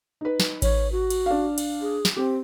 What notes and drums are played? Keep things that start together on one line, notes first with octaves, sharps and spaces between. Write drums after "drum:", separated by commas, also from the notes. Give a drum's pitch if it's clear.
D#4 B4
drum: snare
C#5, drum: kick A1, cymbal
F#4
drum: cymbal
D4 F5
drum: cymbal
G#4
drum: snare
C4 G4